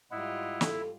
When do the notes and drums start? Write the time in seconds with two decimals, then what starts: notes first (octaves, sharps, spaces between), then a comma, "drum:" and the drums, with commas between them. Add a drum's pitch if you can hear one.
0.11 G#2 G3 E4 F4 D#5 F#5
0.61 A4, drum: snare